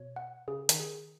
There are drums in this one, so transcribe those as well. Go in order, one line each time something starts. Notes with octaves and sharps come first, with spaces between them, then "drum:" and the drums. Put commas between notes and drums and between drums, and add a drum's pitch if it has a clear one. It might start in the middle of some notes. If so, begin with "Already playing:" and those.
Already playing: B2 C#5
F#5
C#3 G#4
D#3, drum: hi-hat
G#4